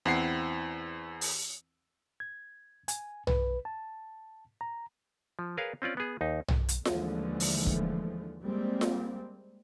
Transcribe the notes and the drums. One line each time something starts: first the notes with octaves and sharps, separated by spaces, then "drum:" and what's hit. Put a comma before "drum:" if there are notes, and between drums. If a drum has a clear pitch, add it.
E2 C4 E4 F#5 C7
drum: open hi-hat
G#6
G#5, drum: hi-hat
B4, drum: tom B1
A5
A#5
F3
G#4 A#4 B4 C#5 F5
C4 C#4 F4 D5
B3 G#4
D#2 D#4
drum: tom B1
drum: hi-hat
D#2 D3 E3 F3 G#3 A3, drum: snare F4
drum: open hi-hat
drum: kick
G3 G#3 A#3 C4
drum: snare F4